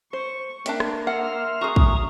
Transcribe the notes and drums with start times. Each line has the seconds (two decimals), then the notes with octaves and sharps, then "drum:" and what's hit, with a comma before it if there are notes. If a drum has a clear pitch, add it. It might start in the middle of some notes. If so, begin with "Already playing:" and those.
0.13 C5 C#6
0.66 A#3 D4 E5 G5, drum: hi-hat
0.80 drum: rim click
1.07 E5 F#5 C6 F6
1.61 F#4 G#4 A#5 C#6 D#6
1.76 drum: kick